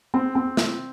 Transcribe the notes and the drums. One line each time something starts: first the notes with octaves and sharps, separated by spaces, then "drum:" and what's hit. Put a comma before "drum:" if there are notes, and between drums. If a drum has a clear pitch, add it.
C4
C4
drum: snare